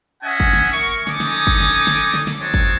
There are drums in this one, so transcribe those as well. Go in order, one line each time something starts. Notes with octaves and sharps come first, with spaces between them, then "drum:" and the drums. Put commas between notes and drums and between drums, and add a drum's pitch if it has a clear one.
C#4 D#5 E5 F#5 G#5
drum: kick
drum: snare
A#4 C#6
C#4 D#4 A4 G#5 D6 D#6, drum: snare
drum: snare
drum: kick
drum: snare
drum: snare
drum: snare
drum: snare
C4 D#4 F#4 C#5 D#5 A5
drum: kick